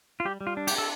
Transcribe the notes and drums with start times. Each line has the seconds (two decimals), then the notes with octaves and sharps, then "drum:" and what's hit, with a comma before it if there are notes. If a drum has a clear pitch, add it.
0.20 F4
0.25 G3 G4
0.41 G3
0.47 F4
0.57 D4
0.67 G4, drum: cymbal
0.73 D4
0.78 A4